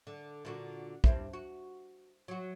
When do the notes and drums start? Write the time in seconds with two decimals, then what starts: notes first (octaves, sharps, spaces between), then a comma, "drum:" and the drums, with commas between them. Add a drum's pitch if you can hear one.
0.07 D3
0.45 A#2 D3 F#4
1.04 G2 C4 E4, drum: kick A#1
1.33 F#4
2.28 F#3 F#4